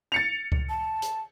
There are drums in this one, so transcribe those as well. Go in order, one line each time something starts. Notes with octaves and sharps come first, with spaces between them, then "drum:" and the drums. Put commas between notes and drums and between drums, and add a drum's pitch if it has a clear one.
A6 C#7 F7
drum: kick C#2
A5
drum: hi-hat